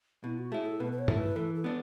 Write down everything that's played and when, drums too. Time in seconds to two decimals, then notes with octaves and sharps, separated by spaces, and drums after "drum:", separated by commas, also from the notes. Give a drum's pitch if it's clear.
0.24 B2 E4
0.39 F#4
0.52 A3 E4 G#4
0.66 A4
0.80 B2 B4
0.92 B4
0.99 C#5
1.08 A3 E4 A4, drum: tom G2
1.17 B4
1.36 E3 A4
1.55 A4
1.64 B3 D4